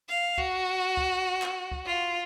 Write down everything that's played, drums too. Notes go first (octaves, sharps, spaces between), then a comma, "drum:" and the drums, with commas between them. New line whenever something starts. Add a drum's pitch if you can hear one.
F5
F#4, drum: kick C#2
drum: kick C#2
drum: clap
drum: kick C#2
F4